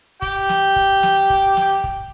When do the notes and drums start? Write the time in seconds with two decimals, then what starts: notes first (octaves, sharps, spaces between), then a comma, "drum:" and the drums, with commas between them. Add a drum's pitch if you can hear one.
0.22 G4 G5, drum: kick, hi-hat
0.49 drum: snare
0.76 drum: kick, hi-hat
1.03 drum: snare
1.30 drum: kick, hi-hat
1.57 drum: snare
1.84 drum: kick, hi-hat